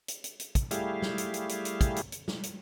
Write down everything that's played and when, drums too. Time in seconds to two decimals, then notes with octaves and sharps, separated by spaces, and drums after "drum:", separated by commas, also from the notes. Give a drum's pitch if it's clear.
0.08 drum: hi-hat
0.24 drum: hi-hat
0.40 drum: hi-hat
0.55 drum: kick, hi-hat
0.71 G3 A3 E4 G4 G#4 F5, drum: hi-hat
1.02 drum: snare
1.18 drum: hi-hat
1.34 drum: hi-hat
1.49 drum: hi-hat
1.65 drum: hi-hat
1.81 drum: kick, hi-hat
1.96 drum: hi-hat
2.12 drum: hi-hat
2.28 drum: snare
2.43 drum: hi-hat